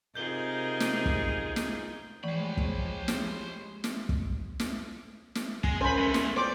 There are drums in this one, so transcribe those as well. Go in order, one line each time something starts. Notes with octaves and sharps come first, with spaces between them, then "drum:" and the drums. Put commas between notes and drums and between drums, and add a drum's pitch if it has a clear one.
C3 D#4 F4 G#4 A#4 G6 G7
drum: snare
drum: kick
drum: snare
E3 F3 G#3 A3 G4 C5 C#5 B5
drum: kick
drum: snare
drum: snare
drum: kick
drum: snare
drum: snare
G#3, drum: kick
C2 C#4 A#4 C5 G#5 B5
G#3 A3
B3, drum: snare
C5 D5 D6